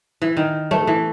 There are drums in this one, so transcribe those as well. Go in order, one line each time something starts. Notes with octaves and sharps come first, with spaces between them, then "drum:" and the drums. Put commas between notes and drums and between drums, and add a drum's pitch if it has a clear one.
E3
D#3
A3, drum: tom
E3